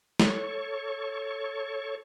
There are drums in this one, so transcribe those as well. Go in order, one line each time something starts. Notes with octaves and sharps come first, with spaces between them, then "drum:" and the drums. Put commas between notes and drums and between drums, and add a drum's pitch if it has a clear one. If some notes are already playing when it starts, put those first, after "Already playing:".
A4 C#5 C#6, drum: snare